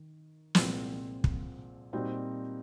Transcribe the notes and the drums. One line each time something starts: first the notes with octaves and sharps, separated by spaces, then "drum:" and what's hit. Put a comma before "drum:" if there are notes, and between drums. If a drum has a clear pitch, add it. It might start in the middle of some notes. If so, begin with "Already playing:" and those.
Already playing: D#3
C2 A#2 F3 G#3 C4, drum: snare
drum: kick
A#2 G3 C4 D#4 F#4